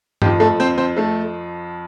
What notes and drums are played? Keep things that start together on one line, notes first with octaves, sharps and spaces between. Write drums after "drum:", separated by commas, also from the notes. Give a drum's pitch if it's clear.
F2 F3 G4, drum: tom G2
A3 A4
C4 C5
C4 C5
A3 A4